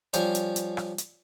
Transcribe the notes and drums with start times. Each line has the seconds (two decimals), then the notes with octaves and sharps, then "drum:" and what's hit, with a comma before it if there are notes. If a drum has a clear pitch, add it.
0.13 F3 G3 C#4 C5, drum: hi-hat
0.35 drum: hi-hat
0.56 drum: hi-hat
0.77 drum: rim click
0.98 drum: hi-hat